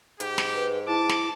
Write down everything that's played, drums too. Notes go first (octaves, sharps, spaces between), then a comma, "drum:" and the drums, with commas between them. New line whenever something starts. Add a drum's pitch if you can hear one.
G#2 G4, drum: hi-hat
drum: snare
B4
E4 A5 D6
drum: snare